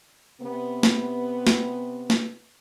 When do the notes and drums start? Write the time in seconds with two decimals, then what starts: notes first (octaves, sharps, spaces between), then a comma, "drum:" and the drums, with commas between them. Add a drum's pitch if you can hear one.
0.41 C3 B3
0.83 drum: snare
1.47 drum: snare
2.10 drum: snare